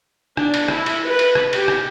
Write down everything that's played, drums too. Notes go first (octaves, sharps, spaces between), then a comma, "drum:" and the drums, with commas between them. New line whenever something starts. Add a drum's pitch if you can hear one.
D4, drum: rim click
drum: cymbal
E4, drum: rim click
drum: cymbal
B4
drum: cymbal
drum: rim click
G4, drum: cymbal
drum: rim click